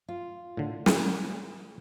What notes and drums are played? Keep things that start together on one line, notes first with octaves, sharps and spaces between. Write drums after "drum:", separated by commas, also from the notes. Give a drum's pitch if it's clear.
F4
A2 D3
drum: snare